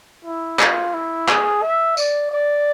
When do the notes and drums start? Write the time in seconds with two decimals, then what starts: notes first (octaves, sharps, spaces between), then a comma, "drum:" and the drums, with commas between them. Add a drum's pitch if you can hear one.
0.25 E4
0.59 F4, drum: clap
0.94 E4
1.29 G#4, drum: clap
1.63 E5
1.97 D5, drum: tambourine
2.32 D5